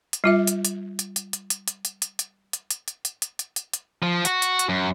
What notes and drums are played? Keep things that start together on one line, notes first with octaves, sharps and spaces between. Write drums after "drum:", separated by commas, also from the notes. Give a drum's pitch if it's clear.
drum: hi-hat
G3 F4 E5
drum: hi-hat
drum: hi-hat
drum: hi-hat
drum: hi-hat
drum: hi-hat
drum: hi-hat
drum: hi-hat
drum: hi-hat
drum: hi-hat
drum: hi-hat
drum: hi-hat
drum: hi-hat
drum: hi-hat
drum: hi-hat
drum: hi-hat
drum: hi-hat
drum: hi-hat
drum: hi-hat
F3
F#4, drum: hi-hat
drum: hi-hat
drum: hi-hat
F#2